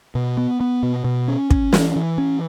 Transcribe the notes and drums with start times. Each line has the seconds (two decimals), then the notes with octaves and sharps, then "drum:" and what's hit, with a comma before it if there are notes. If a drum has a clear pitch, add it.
0.15 B2
0.37 B3
0.60 B3
0.83 B2
1.04 B2
1.28 C#4
1.51 C#4, drum: kick
1.73 E3, drum: snare
1.96 E3
2.18 C#4